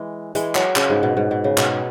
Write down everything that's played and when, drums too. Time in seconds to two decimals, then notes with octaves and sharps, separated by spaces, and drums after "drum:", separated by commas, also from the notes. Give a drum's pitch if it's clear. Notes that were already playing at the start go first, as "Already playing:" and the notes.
Already playing: E3 G#3
0.35 E3 G#3, drum: hi-hat
0.55 F#3, drum: clap
0.76 C#3, drum: clap
0.90 G#2
1.03 B2
1.17 G#2
1.31 B2
1.44 C#3
1.58 B2, drum: clap